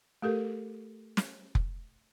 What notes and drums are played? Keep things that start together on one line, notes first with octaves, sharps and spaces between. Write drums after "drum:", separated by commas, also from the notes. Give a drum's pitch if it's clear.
A3 G4 A4 A#4
drum: snare
drum: kick F1